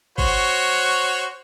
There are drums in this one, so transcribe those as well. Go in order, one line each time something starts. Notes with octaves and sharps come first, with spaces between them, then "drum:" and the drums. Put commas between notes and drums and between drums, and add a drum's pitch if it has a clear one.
F#4 C5 C#5, drum: kick G1